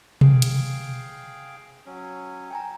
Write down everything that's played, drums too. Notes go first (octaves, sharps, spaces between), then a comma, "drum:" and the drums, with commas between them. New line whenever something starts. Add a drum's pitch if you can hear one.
G#4 F5 G5, drum: tom B2
drum: hi-hat
F#3 C#4
G5 G#5 A#5